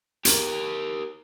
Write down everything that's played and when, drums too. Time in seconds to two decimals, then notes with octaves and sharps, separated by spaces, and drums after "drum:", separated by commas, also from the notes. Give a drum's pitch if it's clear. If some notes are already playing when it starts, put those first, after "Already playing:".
0.25 G4 A#4, drum: hi-hat